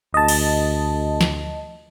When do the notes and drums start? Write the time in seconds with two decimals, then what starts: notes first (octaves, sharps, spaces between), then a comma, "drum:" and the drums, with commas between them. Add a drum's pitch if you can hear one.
0.14 D2 D#5 A5
0.28 drum: cymbal
1.21 drum: snare